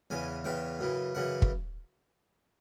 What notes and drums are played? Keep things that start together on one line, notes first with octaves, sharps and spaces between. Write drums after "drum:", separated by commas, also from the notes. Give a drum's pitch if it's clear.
E2 C#3 E3 G#5
E2 C#3 E3 G5
F#2 C#3 E3
F#2 C#3 E3 F#5
drum: kick